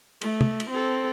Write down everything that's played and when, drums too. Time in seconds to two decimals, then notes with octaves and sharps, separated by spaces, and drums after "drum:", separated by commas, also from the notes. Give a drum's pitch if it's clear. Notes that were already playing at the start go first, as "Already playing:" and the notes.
0.21 A3, drum: cymbal
0.41 drum: tom
0.60 drum: cymbal
0.70 C4 A4